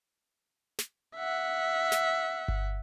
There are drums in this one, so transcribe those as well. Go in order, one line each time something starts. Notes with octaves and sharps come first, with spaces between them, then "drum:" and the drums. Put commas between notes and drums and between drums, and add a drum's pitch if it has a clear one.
drum: snare
E5 F#5
drum: snare
drum: kick G1